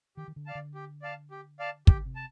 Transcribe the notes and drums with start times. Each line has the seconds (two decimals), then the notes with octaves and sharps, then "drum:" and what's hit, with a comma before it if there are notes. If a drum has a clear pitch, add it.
0.17 D#3 G4
0.28 D#3
0.36 D3
0.46 D5 F5 A5
0.55 D3
0.75 G4
1.02 D5 F5 A5
1.31 G4
1.59 D5 F5 A5
1.87 D3 G4, drum: kick
2.05 C3
2.16 A5